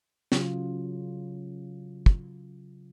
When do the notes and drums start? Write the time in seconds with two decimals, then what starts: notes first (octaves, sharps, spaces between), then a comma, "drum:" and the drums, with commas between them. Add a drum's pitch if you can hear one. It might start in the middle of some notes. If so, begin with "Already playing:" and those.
0.32 C#3 F#3 F4, drum: snare
2.06 drum: kick